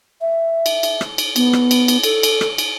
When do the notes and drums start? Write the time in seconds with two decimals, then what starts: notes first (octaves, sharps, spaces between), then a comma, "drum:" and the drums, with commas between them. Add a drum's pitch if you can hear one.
0.21 E5
0.66 drum: cymbal
0.83 drum: cymbal
1.01 drum: rim click
1.18 drum: cymbal
1.36 B3, drum: cymbal
1.53 drum: rim click
1.71 drum: cymbal
1.88 drum: cymbal
2.03 A4, drum: cymbal
2.23 drum: cymbal
2.41 drum: rim click
2.58 drum: cymbal